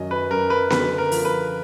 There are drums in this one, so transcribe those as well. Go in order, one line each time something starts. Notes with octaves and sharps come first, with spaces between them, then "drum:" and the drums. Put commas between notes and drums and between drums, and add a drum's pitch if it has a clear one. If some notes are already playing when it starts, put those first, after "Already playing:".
Already playing: F#2 D#3 F#3 D#5
B4
F#2 A#4
B4
D3 B4, drum: snare B3
A#4
F3, drum: open hi-hat
B4